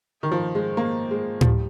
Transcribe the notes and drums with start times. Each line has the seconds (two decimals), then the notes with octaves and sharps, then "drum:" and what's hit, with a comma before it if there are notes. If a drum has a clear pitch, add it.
0.23 D#3
0.32 F3
0.55 G#3
0.77 A#3
1.11 G#3
1.41 F3, drum: tom A2
1.45 G3